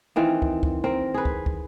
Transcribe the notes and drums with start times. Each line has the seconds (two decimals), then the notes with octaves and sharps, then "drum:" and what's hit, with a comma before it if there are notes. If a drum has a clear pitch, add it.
0.16 D#3 E3 C4 F4
0.42 drum: kick
0.63 drum: kick
0.84 C4 A#4
1.14 G#4 B4
1.25 drum: kick
1.46 drum: kick